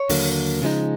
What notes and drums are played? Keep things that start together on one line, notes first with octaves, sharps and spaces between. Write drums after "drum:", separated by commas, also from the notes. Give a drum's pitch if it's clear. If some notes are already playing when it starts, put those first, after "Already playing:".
Already playing: C#5
D#2 D3 F#3 A#3, drum: open hi-hat
C#3 F3 G#3 B3 D#4